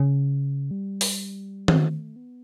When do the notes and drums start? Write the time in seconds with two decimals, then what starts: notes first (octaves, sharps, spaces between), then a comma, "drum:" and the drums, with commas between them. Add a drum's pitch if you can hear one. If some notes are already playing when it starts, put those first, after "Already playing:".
Already playing: C#3
0.71 G3
1.01 drum: open hi-hat
1.68 A3, drum: tom D#3
2.16 B3